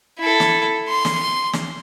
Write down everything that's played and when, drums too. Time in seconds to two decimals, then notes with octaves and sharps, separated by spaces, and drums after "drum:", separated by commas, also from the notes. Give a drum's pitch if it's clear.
0.19 E4 A4
0.40 drum: snare
0.88 C6
1.05 drum: snare
1.53 drum: snare